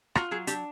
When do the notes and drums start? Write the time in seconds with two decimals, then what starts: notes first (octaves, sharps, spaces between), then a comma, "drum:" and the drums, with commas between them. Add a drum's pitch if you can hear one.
0.15 F4 F#4, drum: rim click
0.31 F#3 G#4
0.47 D4 G4, drum: hi-hat